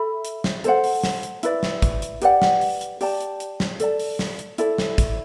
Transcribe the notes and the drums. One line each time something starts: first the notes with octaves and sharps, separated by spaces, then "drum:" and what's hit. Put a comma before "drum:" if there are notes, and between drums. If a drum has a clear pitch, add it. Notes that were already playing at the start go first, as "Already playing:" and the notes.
Already playing: A4 E5 B5
drum: hi-hat
drum: snare
A4 C5 F#5, drum: hi-hat
drum: open hi-hat
drum: snare
drum: hi-hat
E4 B4 D5, drum: hi-hat
drum: snare
drum: kick, hi-hat
drum: hi-hat
G4 B4 D5 F#5, drum: hi-hat
drum: snare
drum: open hi-hat
drum: hi-hat
G4 D5 A5, drum: open hi-hat
drum: hi-hat
drum: hi-hat
drum: snare
A4 D5 A5, drum: hi-hat
drum: open hi-hat
drum: snare
drum: hi-hat
E4 A4 D5, drum: hi-hat
drum: snare
drum: kick, hi-hat